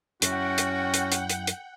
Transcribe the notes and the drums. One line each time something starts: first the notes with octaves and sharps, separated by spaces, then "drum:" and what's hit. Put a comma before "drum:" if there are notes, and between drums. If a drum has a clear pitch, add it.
F#2 C#4 E4 F#4 F#5 G5, drum: hi-hat
drum: hi-hat
drum: hi-hat
drum: hi-hat
drum: hi-hat
drum: hi-hat